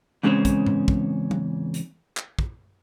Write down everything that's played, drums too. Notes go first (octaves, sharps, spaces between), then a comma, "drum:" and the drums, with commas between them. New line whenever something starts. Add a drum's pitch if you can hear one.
E2 G#2 C#3 G#3 C4 C#4
drum: kick, hi-hat
drum: tom G#2
drum: kick
drum: tom F#3
drum: hi-hat
drum: clap
drum: kick